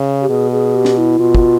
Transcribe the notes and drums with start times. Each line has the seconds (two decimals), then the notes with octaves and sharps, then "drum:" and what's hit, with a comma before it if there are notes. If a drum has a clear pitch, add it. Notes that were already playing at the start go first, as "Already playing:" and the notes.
Already playing: C#3
0.22 G4
0.29 B2 G#4
0.52 G#4
0.75 G4
0.85 drum: snare
0.98 E4
1.19 B2 F4
1.35 drum: kick